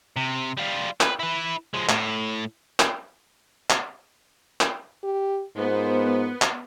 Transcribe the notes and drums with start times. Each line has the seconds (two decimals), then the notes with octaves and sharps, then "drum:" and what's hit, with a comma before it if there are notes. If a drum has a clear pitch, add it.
0.17 C3
0.57 G3 F4
1.01 B4, drum: clap
1.19 E4 B4
1.74 F3 G#3
1.89 A2, drum: clap
2.80 drum: clap
3.70 drum: clap
4.61 drum: clap
5.04 G4
5.57 G#2 B3 F4 A#4 C5
6.42 drum: clap